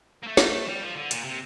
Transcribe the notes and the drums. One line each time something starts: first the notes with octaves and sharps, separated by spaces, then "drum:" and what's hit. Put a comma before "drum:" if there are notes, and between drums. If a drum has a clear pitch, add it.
A#3
A3
drum: snare
G3
F3
D3
A#2, drum: hi-hat
C3